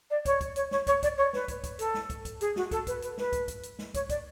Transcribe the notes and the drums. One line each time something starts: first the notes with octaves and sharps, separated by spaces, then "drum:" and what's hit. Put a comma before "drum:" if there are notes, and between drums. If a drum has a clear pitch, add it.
D5
C#5, drum: kick, hi-hat
drum: kick, hi-hat
C#5, drum: hi-hat
C#5, drum: snare
C#5, drum: kick, hi-hat
D5, drum: kick, hi-hat
C#5
B4, drum: snare
drum: kick, hi-hat
drum: kick, hi-hat
A4, drum: hi-hat
drum: snare
drum: kick, hi-hat
drum: kick, hi-hat
G#4, drum: hi-hat
F#4, drum: snare
A4, drum: kick, hi-hat
B4, drum: kick, hi-hat
B4, drum: hi-hat
B4, drum: snare
drum: kick, hi-hat
drum: kick, hi-hat
drum: hi-hat
drum: snare
C#5, drum: kick, hi-hat
D5, drum: kick, hi-hat